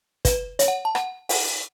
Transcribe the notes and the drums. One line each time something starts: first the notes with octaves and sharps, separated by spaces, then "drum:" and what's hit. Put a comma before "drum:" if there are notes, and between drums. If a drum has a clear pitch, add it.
B4, drum: kick, hi-hat
C#5, drum: hi-hat
F#5
A5
F#5, drum: rim click
F#5, drum: open hi-hat